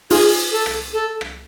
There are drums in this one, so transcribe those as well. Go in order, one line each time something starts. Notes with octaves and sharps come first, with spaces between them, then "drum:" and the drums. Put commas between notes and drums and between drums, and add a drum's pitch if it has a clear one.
D#4 F4 G#4, drum: open hi-hat
A4
drum: rim click
A4
drum: rim click